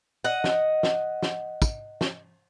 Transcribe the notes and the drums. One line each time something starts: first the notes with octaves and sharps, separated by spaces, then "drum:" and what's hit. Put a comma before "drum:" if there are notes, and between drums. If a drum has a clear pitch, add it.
D#5 F#5
drum: snare
drum: snare
drum: snare
drum: kick, tambourine
drum: snare